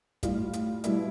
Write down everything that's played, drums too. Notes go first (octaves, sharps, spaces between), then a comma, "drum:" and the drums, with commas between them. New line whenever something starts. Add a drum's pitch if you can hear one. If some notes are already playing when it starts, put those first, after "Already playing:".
A2 G3 F4, drum: kick, hi-hat
drum: hi-hat
B2 G3 E4, drum: hi-hat